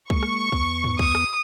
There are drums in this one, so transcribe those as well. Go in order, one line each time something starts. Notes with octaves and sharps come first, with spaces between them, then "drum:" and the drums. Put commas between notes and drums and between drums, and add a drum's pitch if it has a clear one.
G#3 A#3 C#6, drum: kick C2
drum: rim click
E2 B3, drum: kick C2
drum: tom G2
D#6, drum: kick C2
drum: rim click